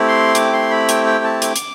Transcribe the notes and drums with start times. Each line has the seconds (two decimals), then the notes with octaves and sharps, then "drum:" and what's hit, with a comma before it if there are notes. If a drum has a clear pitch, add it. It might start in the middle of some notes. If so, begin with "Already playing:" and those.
Already playing: A3 C4 E4 G4
0.08 C6
0.35 D6, drum: hi-hat
0.53 C6
0.71 B5
0.89 G5, drum: hi-hat
1.06 G5
1.24 A5
1.42 D6, drum: hi-hat
1.56 drum: hi-hat